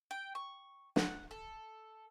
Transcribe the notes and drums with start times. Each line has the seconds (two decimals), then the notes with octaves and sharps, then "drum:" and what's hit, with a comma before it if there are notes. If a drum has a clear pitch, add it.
0.11 G5
0.35 C#6
0.96 F#5, drum: snare
1.31 A4